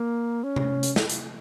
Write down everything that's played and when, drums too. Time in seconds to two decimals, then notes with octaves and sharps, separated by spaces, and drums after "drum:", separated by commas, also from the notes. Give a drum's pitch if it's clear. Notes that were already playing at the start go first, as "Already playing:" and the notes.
Already playing: A#3
0.44 C#4
0.56 drum: tom C3
0.83 drum: hi-hat
0.96 drum: snare
1.10 drum: hi-hat